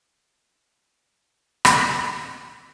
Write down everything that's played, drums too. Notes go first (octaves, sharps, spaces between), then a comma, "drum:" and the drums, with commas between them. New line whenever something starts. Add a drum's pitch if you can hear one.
C#4 F4 A#4 C#5
drum: rim click